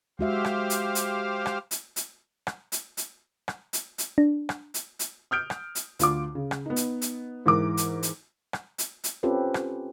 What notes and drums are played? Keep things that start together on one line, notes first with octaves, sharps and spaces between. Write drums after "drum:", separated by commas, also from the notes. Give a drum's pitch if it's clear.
G#3 F#4 G4 C5 E5 F5
drum: rim click
drum: hi-hat
drum: hi-hat
drum: rim click
drum: hi-hat
drum: hi-hat
drum: rim click
drum: hi-hat
drum: hi-hat
drum: rim click
drum: hi-hat
drum: hi-hat
D4
drum: rim click
drum: hi-hat
drum: hi-hat
D#6 F6 G6 D7
drum: rim click
drum: hi-hat
D2 F4 D6, drum: hi-hat
C#3
drum: rim click
B3 D#4
drum: hi-hat
drum: hi-hat
G#2 E3 A#4 D6
drum: hi-hat
drum: hi-hat
drum: rim click
drum: hi-hat
drum: hi-hat
C4 C#4 F4 G4 A4 B4
drum: rim click